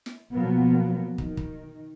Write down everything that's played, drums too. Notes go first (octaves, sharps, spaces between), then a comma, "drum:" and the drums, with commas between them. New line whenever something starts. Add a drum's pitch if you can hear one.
drum: snare
B2 F3 F#3 A#3 B3
D#3, drum: kick
drum: kick